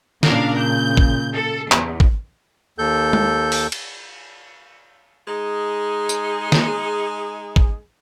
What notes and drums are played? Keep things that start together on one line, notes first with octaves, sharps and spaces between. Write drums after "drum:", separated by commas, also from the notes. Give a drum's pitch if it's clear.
A#2 C#3 D4 A#4 F5, drum: snare
G6
drum: kick
A4
E2, drum: clap
drum: kick
D#2 A4 G6
drum: tom
drum: open hi-hat
drum: cymbal
G#3 D#4 G#4
drum: tambourine
drum: snare
drum: kick